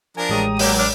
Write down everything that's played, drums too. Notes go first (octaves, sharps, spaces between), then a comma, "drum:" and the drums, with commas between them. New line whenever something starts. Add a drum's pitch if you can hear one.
F3 D4 A#4 G#5
A1 G#3 G4 C#5 A#5 D#6
F#3 A#3 G4, drum: open hi-hat
D4 D6 F6